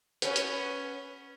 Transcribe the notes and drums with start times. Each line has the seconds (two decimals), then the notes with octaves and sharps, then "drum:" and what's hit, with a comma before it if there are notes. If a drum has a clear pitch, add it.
0.22 B3 C#4, drum: hi-hat
0.36 drum: hi-hat